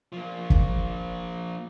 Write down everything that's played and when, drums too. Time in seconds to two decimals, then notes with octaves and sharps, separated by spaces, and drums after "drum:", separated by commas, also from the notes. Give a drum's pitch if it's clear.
0.12 F3 A#3
0.50 drum: kick